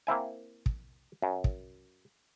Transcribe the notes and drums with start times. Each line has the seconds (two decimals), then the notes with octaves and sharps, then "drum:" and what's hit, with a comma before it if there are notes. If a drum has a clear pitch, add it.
0.07 A#3 C4 E4 G#5
0.66 drum: kick
1.22 F#2
1.44 drum: kick